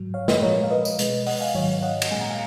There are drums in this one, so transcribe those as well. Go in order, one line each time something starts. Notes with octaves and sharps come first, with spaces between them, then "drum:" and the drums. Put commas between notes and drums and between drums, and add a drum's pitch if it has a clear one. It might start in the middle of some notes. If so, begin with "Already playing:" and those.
Already playing: G#2 F#3
C#5 F5
B4 D#5, drum: snare
A#2 F3 G#3 A#4 C#5
F5
B4 D#5
drum: tambourine
B2 G#3, drum: hi-hat
D#5 F#5, drum: open hi-hat
F5 G#5
G#2 D#3 F#3 C#5 F5
D#5 F#5
drum: cymbal
A#2 G#3 G#5
A#5
F5 G#5